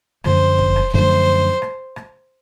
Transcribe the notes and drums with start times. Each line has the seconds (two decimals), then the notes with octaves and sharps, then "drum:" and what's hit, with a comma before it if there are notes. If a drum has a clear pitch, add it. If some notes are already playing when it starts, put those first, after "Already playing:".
0.24 F#2 D3 F3 A3 C5, drum: rim click
0.59 drum: kick
0.76 drum: rim click
0.93 F#2 D3 F3 A3 C5
1.62 drum: rim click
1.96 drum: rim click